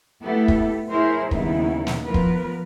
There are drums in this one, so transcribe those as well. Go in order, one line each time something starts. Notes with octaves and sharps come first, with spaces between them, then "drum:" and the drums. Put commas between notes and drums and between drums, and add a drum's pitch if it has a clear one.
A3 B3 E4 G4 A4
drum: kick
E4 G#4 A#4 C5 C#5
D#2 C#3 G3 B3 D#4 E4, drum: kick
drum: snare
F3 B3 A#4 B4
drum: kick